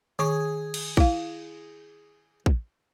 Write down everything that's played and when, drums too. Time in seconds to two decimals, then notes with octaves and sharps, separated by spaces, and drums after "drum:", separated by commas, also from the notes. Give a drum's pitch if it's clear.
0.19 D#3 G#4 C#6
0.74 drum: cymbal
0.97 E4 F5, drum: kick
2.46 drum: kick